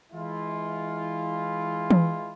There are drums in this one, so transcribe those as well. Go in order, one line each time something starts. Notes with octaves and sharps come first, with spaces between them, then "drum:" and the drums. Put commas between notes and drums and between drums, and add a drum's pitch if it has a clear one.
E3 G#3 E4 F4
drum: tom E3